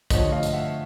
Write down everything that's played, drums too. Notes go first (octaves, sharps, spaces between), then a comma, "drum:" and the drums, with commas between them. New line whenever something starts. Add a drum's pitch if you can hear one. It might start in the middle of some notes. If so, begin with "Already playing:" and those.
D3 F3 A3 C#5 D#5, drum: kick A1, hi-hat
D#5 F5
drum: hi-hat
E5 F#5